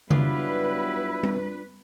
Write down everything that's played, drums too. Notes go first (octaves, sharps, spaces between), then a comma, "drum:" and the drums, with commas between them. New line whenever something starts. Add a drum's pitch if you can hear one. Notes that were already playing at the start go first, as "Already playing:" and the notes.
F#3 G3 B3 D4 E4 F4 B4, drum: tom C#3
drum: tom G3